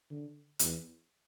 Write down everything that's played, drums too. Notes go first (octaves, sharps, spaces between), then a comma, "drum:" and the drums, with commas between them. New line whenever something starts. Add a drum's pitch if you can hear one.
D3
E2, drum: hi-hat